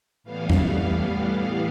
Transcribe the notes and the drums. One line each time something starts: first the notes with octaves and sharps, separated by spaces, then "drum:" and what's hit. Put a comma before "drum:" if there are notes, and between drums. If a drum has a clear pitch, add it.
A2 E3 G3 B3 F5
drum: tom E2